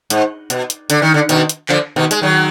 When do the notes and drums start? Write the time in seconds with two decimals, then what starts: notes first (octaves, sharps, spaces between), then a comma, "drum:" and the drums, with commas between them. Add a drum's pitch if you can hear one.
0.10 G#2, drum: hi-hat
0.50 B2, drum: hi-hat
0.70 drum: hi-hat
0.90 D3, drum: hi-hat
1.02 D#3
1.14 D3
1.29 B2 D#3, drum: hi-hat
1.49 drum: hi-hat
1.69 D3 F3, drum: clap
1.96 B2 D#3
2.11 G#3, drum: hi-hat
2.22 D#3 F#3